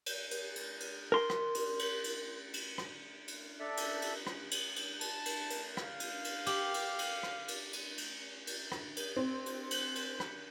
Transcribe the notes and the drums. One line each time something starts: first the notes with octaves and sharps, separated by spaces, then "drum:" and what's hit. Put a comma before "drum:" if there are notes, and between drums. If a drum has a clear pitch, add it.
drum: cymbal
drum: cymbal
drum: cymbal
drum: cymbal
A#4 C6
drum: rim click
drum: cymbal
drum: cymbal
drum: cymbal
drum: cymbal
drum: rim click
drum: cymbal
D4 A4 D5 E5
drum: cymbal
drum: cymbal
drum: rim click
drum: cymbal
drum: cymbal
A5, drum: cymbal
drum: cymbal
drum: cymbal
F5, drum: rim click
drum: cymbal
drum: cymbal
G4, drum: cymbal
drum: cymbal
drum: cymbal
drum: rim click
drum: cymbal
drum: cymbal
drum: cymbal
drum: cymbal
drum: rim click
drum: cymbal
C4
drum: cymbal
drum: cymbal
drum: cymbal
drum: rim click